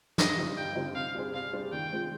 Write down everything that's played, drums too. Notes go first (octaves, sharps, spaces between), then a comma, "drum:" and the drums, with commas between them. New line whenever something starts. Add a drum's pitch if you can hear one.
G2 D#5, drum: snare
D3 G3 C4 D#4
G2 G5
D3 G3 C4 D#4
C3 F5
G3 D4 G#4 C5
C3 F5
G3 D4 G#4 C5
D#3 G5
G#3 C4 F4